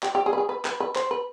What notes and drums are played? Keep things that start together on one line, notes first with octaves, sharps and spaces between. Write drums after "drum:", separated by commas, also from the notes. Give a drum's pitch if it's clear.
G4, drum: clap
G4
G#4
B4
G#4
B4
B4, drum: clap
B4
C5, drum: clap
B4